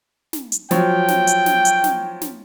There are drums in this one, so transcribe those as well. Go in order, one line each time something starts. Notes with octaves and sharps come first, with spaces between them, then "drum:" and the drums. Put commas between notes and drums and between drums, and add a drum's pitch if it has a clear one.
drum: snare
drum: hi-hat
F3 F#3 C#5 G5, drum: snare
drum: snare
drum: hi-hat
drum: snare
drum: hi-hat
drum: snare
drum: snare